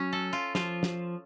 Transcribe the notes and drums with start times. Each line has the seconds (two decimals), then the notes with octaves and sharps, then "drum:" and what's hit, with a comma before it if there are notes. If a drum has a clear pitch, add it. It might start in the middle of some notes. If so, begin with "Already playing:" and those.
Already playing: F#3 C#4
0.13 A4
0.33 F4
0.55 F3 F4, drum: snare
0.83 drum: snare